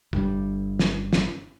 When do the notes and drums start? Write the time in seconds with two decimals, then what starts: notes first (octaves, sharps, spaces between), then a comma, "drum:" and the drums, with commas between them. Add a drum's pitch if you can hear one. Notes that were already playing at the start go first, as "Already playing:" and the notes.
0.13 G1 G2 G3, drum: kick
0.79 drum: snare
1.13 drum: snare